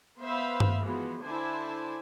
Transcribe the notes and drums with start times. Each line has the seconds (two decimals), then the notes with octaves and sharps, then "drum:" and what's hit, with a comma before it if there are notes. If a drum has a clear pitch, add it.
0.21 B3 B4 C5 E5 F5 B5
0.60 drum: tom G2
0.80 E3 F3 G#3 B3 F#4
1.24 D3 D4 E4 C5 G#5 A5